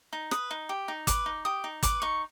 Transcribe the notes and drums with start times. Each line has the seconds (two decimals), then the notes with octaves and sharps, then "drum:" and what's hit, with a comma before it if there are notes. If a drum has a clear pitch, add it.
0.13 D#4
0.31 B4 D#6, drum: rim click
0.51 D#4
0.69 G4
0.88 D#4
1.07 B4 D6, drum: kick, hi-hat
1.26 D#4
1.45 G4 D#6
1.64 D#4
1.83 B4 D6, drum: kick, hi-hat
2.02 D#4 C#6